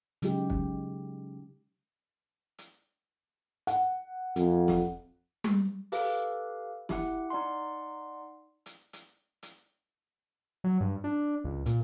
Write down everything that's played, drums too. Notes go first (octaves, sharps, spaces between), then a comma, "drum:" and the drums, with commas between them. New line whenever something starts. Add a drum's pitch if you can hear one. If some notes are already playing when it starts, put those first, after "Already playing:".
C#3 F#3 G#3 D#4 G4, drum: hi-hat
drum: kick
drum: hi-hat
F#5, drum: hi-hat
F2, drum: hi-hat
drum: snare
drum: tom G3
G4 A4 B4 F5, drum: open hi-hat
E4 G4 F#5, drum: snare
D#4 D5 F#5 C6
drum: hi-hat
drum: hi-hat
drum: hi-hat
F#3
G2
D4
C#2
A#2, drum: hi-hat